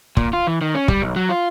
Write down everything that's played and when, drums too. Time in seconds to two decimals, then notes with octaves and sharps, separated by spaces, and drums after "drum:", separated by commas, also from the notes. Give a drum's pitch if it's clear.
0.17 A#2, drum: kick
0.33 F4
0.47 E3
0.61 D#3
0.75 C#4
0.88 G3, drum: kick
1.02 B1
1.16 F#3
1.29 F4